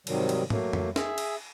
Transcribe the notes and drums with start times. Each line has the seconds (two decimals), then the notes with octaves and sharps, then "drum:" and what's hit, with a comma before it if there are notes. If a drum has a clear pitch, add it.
0.07 G#2 C3 D#3 F#3 G3, drum: cymbal
0.29 drum: cymbal
0.50 F#3 A3 A#3, drum: tom
0.73 drum: tom F2
0.96 G#4 E5, drum: snare
1.18 drum: cymbal